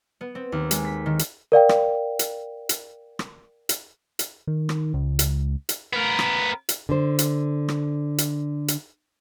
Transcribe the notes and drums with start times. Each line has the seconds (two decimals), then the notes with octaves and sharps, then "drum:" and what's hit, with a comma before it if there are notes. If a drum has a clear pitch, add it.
0.21 B3
0.35 C4
0.52 D#2
0.71 G#3, drum: hi-hat
0.85 B6
1.06 D#3
1.19 drum: hi-hat
1.52 A#4 D5 F5 G5
1.69 drum: rim click
2.19 drum: hi-hat
2.69 drum: hi-hat
3.19 drum: rim click
3.69 drum: hi-hat
4.19 drum: hi-hat
4.47 D#3
4.69 drum: rim click
4.94 C#2
5.19 drum: hi-hat
5.69 drum: hi-hat
5.93 B3 A#4
6.19 drum: rim click
6.69 drum: hi-hat
6.89 D3 C5
7.19 drum: hi-hat
7.68 drum: rim click
8.18 drum: hi-hat
8.68 drum: hi-hat